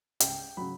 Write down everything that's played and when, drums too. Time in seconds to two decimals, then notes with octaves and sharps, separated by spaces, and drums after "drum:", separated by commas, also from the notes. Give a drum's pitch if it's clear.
0.20 C#2 G5, drum: hi-hat
0.57 C#3 F#3 B5